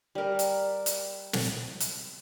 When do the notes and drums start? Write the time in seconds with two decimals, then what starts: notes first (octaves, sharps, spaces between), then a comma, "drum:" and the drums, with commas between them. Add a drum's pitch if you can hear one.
0.15 G3 A#4
0.39 drum: hi-hat
0.86 drum: hi-hat
1.33 drum: snare
1.80 drum: hi-hat